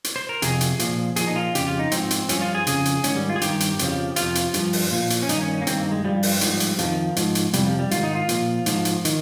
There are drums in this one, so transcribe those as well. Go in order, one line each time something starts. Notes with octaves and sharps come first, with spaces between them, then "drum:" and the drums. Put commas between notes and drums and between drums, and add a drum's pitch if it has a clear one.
drum: hi-hat
C5
A#4
F2 C3 G#4, drum: hi-hat
drum: hi-hat
A#2 F3, drum: hi-hat
A#2 F3 G#4, drum: hi-hat
D#4
F4
F2 C#3 G4, drum: hi-hat
F4
D#4
G#2 F3 C4, drum: hi-hat
drum: hi-hat
G2 F3 C#4, drum: hi-hat
F4
G#4
F2 C#3 G#4, drum: hi-hat
drum: hi-hat
G#2 D#3 C#4, drum: hi-hat
G3
F4
G#4
G2 D#3 G4, drum: hi-hat
drum: hi-hat
F2 C#3 F3, drum: hi-hat
F2 C3 F3 F4, drum: hi-hat
drum: hi-hat
G2 F3, drum: hi-hat
drum: open hi-hat
A#2 F3
drum: hi-hat
C#4
G2 D#3 D#4, drum: hi-hat
C#4
C#4
A#3
G2 D#3 C4, drum: hi-hat
A#3
G#3
G2 F3 G3
drum: open hi-hat
G#2 F3, drum: hi-hat
drum: hi-hat
F2 C3 D#3 F3, drum: hi-hat
G#2 F3, drum: hi-hat
drum: hi-hat
F2 C3 G3, drum: hi-hat
F3
G3
G#2 D#3 F4, drum: hi-hat
D#4
F4
A#2 F3, drum: hi-hat
G#2 F3, drum: hi-hat
drum: hi-hat
D#3, drum: hi-hat